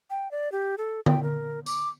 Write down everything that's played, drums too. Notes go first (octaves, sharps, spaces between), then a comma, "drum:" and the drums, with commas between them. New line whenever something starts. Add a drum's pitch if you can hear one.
G5
D5
G4
A4
G5, drum: tom D3
A#4
D6, drum: tambourine